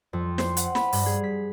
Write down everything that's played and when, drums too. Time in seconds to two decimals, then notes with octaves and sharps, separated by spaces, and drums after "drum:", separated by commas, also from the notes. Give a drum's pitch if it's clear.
0.13 F2
0.38 C5, drum: snare
0.57 F#5, drum: hi-hat
0.75 B5, drum: snare
0.92 G2, drum: open hi-hat
1.06 G#4
1.24 B6